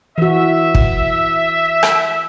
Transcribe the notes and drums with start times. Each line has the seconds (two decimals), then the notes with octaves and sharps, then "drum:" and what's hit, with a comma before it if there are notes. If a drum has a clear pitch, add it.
0.18 E3 F#4 E5
0.75 drum: kick
1.83 drum: rim click